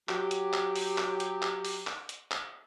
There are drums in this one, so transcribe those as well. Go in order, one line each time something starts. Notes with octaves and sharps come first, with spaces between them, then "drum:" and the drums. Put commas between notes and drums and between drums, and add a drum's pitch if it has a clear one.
F#3 G4, drum: clap
drum: hi-hat
drum: clap
drum: open hi-hat
drum: clap
drum: hi-hat
drum: clap
drum: open hi-hat
drum: clap
drum: hi-hat
drum: clap